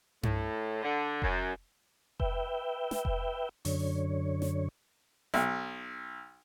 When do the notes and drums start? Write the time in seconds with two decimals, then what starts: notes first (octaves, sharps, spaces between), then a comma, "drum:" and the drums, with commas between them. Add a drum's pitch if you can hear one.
0.23 A2, drum: tom G2
0.83 D3
1.22 F#2, drum: kick F1
2.20 B4 E5 G5, drum: kick F1
2.91 drum: snare
3.05 drum: kick F1
3.65 F#2 D3 C#5, drum: open hi-hat
4.42 drum: snare
5.34 B1, drum: snare